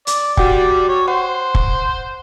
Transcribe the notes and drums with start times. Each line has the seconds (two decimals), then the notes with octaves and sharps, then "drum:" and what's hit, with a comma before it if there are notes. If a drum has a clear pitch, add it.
0.07 D5, drum: hi-hat
0.37 G3 F#4 D5 F#5 G5, drum: kick
0.89 C#5
1.08 C5 F#5
1.55 drum: kick